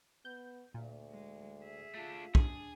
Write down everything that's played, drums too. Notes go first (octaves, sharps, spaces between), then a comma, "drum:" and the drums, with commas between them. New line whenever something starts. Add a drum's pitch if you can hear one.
B3 G6
D2 A#2
G#3
G#4 E5
A3 D4 F4
D4 G#4, drum: kick B1